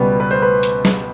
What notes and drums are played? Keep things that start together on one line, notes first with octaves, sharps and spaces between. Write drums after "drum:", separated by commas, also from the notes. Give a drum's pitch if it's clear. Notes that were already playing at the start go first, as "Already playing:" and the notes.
Already playing: C#2 B2 G3 B3 B4
B4
C5
B4
drum: hi-hat
drum: snare